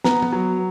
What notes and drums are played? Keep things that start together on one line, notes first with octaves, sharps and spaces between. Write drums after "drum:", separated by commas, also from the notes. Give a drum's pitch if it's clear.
B3 A#5, drum: snare
drum: tom
F#3